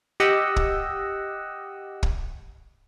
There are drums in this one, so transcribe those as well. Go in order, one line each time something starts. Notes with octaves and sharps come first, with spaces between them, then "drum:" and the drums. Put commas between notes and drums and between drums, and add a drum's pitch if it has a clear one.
G4 D#5 F#5 E6
drum: kick
drum: kick